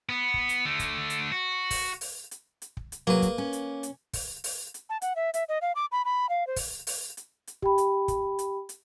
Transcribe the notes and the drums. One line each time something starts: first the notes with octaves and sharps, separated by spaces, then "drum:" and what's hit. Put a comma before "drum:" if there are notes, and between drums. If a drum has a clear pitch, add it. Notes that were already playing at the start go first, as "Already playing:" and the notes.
B3
drum: kick
drum: hi-hat
D3 A3
drum: kick, hi-hat
drum: hi-hat
F#4
drum: kick, open hi-hat
drum: open hi-hat
drum: hi-hat
drum: hi-hat
drum: kick
drum: hi-hat
F#3 A#3 G#4 B4
drum: kick, hi-hat
C#4
drum: hi-hat
drum: hi-hat
drum: kick, open hi-hat
drum: open hi-hat
drum: hi-hat
A5
F#5, drum: hi-hat
E5
E5, drum: hi-hat
D#5
F5
D6
B5
B5
F5
C5
drum: kick, open hi-hat
drum: open hi-hat
drum: hi-hat
drum: hi-hat
G4 G5 B5, drum: kick
drum: hi-hat
drum: kick, hi-hat
drum: hi-hat
drum: hi-hat